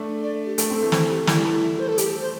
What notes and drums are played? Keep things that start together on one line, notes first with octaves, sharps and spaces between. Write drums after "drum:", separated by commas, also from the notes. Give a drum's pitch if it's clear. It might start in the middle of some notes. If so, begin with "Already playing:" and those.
Already playing: A3 D4
D5
G4
A3, drum: hi-hat
C4 A4
E3 A3
C5, drum: snare
G4
A3 E4, drum: snare
G3
E3 A3
C5
A4
G4, drum: hi-hat
A4
C5